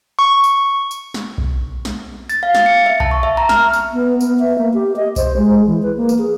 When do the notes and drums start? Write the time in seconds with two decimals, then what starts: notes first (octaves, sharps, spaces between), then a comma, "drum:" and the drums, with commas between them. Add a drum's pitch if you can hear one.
0.19 C#6
0.44 drum: tambourine
0.91 drum: tambourine
1.14 drum: snare
1.38 drum: kick B1
1.85 drum: snare
2.29 A6, drum: tambourine
2.43 F5
2.55 A6, drum: snare
2.66 C#7
2.86 E5
3.00 A5, drum: kick B1
3.11 C#6
3.23 E5
3.37 A#5
3.49 F6, drum: snare
3.73 drum: tambourine
3.93 B3
4.21 B3, drum: tambourine
4.39 E5
4.58 A#3
4.74 G4
4.96 D#5
5.16 C5, drum: kick B1, tambourine
5.37 G#3
5.67 E3
5.83 B4
5.97 A#3
6.09 drum: tambourine
6.19 G#4